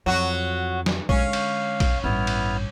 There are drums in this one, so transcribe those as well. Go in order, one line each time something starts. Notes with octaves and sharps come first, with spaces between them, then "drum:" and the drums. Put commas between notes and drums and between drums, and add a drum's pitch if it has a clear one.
F2 F#3 F#4
drum: snare
D3 G#3 C#4 F5, drum: kick
drum: cymbal
drum: kick, cymbal
A1 G2 B3 E4 F6
drum: cymbal